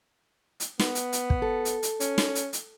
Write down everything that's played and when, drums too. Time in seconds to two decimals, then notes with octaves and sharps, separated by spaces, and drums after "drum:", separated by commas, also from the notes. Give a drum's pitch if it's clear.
0.60 drum: hi-hat
0.79 B3, drum: snare
0.95 drum: hi-hat
1.12 drum: hi-hat
1.30 drum: kick
1.42 A4
1.65 drum: hi-hat
1.83 drum: hi-hat
2.00 C#4, drum: hi-hat
2.18 drum: snare
2.35 drum: hi-hat
2.53 drum: hi-hat